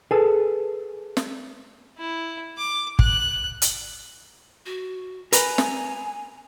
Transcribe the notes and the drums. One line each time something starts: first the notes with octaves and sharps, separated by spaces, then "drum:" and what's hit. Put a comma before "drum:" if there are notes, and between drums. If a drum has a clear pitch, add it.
G#4 A4 B4
drum: snare
E4
D6
F#6, drum: kick
drum: hi-hat
F#4
A#4 B4 G#5 A#5, drum: hi-hat
drum: snare